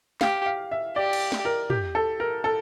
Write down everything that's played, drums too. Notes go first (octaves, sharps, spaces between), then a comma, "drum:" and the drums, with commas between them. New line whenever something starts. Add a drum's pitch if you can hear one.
G4 F5, drum: snare
F5
E5
G4 D5
drum: cymbal
drum: snare
A#4
G4, drum: tom
A4
A#4
A4